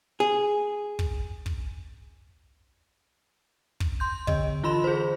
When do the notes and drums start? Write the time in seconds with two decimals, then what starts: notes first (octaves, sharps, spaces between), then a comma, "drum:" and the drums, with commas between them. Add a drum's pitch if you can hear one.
0.20 G#4
0.99 drum: kick
1.46 drum: kick
3.80 drum: kick
4.00 C6 G6
4.27 D3 D#5, drum: kick
4.63 E3 F4 B5 C6 E7
4.84 G#4 C5